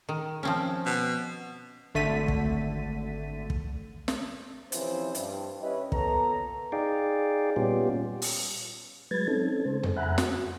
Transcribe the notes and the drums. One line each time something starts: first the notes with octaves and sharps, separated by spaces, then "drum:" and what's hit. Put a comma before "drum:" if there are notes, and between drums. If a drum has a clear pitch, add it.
D#3
F3 C4 C#4
B2
G#1 D3 A3 A6 B6 D#7
drum: kick
drum: kick
drum: snare
C3 E3 F3 C#4 E4 C5, drum: hi-hat
G2, drum: hi-hat
C#4 E4 G4 B4 D#5
A#2 B3 A4 B4 C#5 A#5, drum: kick
D#4 G#4 D5 F5 G5
A#2 G3 B3 C#4 F4 G4
drum: open hi-hat
F#3 G#3 B4 G#6 A6
C4 C#4 D#4 A4
C#3 G#3 A4 C5
drum: tom F2
E5 F#5 G#5 A#5 B5 F#6
F#4, drum: snare